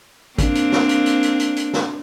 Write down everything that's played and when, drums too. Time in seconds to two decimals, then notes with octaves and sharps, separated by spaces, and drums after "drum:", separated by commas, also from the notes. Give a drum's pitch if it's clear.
0.38 A#3 C4 D4, drum: kick, hi-hat
0.55 drum: hi-hat
0.72 drum: snare
0.89 drum: hi-hat
1.06 drum: hi-hat
1.23 drum: hi-hat
1.40 drum: hi-hat
1.56 drum: hi-hat
1.73 drum: snare